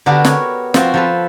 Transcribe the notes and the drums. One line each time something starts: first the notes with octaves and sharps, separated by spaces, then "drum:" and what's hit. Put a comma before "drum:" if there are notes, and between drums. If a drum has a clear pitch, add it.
D3 B3 D4 F#4 G4 A#4
C#5, drum: snare
F3 C4 F#4, drum: snare
F3 A4 B4